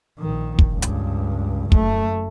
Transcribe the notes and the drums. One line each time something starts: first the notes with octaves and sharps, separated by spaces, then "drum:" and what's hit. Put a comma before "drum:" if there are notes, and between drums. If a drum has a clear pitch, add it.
A#1 D#3
drum: kick
C#2 G2
drum: hi-hat
F#1 A3, drum: kick